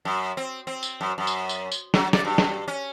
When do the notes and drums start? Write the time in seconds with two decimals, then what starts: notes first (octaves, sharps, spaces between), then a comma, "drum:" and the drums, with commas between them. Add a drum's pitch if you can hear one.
0.05 F#2
0.37 C4
0.67 C4
0.83 drum: tambourine
1.01 F#2
1.18 F#2
1.27 drum: tambourine
1.49 drum: tambourine
1.72 drum: tambourine
1.94 F#3, drum: snare
2.13 D5, drum: snare
2.25 G2
2.38 drum: snare
2.68 C#4